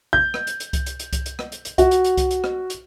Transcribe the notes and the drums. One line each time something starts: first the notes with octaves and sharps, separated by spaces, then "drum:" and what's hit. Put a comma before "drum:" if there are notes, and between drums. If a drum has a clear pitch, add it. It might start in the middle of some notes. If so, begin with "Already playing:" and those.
G6
drum: rim click
drum: hi-hat
drum: hi-hat
drum: kick C2, hi-hat
drum: hi-hat
drum: hi-hat
drum: kick C2, hi-hat
drum: hi-hat
drum: rim click
drum: hi-hat
drum: hi-hat
F#4, drum: kick C2, hi-hat
drum: hi-hat
drum: hi-hat
drum: kick C2, hi-hat
drum: hi-hat
drum: rim click
drum: hi-hat